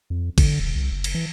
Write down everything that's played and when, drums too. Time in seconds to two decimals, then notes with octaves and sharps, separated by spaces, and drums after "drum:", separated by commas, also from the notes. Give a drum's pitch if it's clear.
0.10 F2
0.38 D3, drum: kick G#1, cymbal
0.60 D#1
0.75 C2
0.91 F#1
1.04 drum: cymbal
1.15 E3